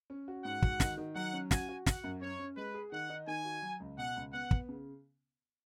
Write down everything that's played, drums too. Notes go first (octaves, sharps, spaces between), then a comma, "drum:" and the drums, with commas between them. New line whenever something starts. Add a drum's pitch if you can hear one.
C#4
F#4
G#2 F#5
F#4, drum: kick
D#3, drum: snare
D#3
F#3 F#5
C#4
F#4 G#5, drum: snare
F#4
F#4 F#5, drum: snare
F#2
C#4 C#5
C#4
G#3 B4
G#4
D#3 F#5
D#4
D#3 G#5
F#4
F#3
C#2
B2 F#5
C#2
B3 F#5
B3, drum: kick
C#3